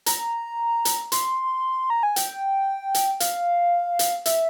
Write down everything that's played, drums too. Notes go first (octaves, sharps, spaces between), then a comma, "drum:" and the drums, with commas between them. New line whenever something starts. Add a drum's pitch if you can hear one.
A#5, drum: hi-hat
drum: hi-hat
C6, drum: hi-hat
A#5
G#5
G5, drum: hi-hat
drum: hi-hat
F5, drum: hi-hat
drum: hi-hat
E5, drum: hi-hat